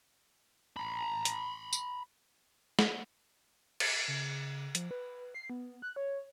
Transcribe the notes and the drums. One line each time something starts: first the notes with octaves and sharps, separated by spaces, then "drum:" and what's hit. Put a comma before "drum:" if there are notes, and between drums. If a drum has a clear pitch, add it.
A#5 B5
drum: hi-hat
drum: tambourine
drum: snare
B6, drum: cymbal
C#3
F3, drum: hi-hat
B4
C7
B3
F#6
C#5